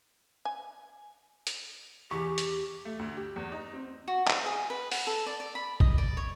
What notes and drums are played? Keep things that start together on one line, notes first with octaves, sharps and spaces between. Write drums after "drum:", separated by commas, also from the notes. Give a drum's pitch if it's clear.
G#5
drum: hi-hat
E2 G4 C#6
drum: hi-hat
A3
D2
G4
E2
D#4
C4
F#4
F5, drum: clap
G#4
B4
F#5, drum: open hi-hat
A4
D5
D5
B5
D#5, drum: kick
D5
C#5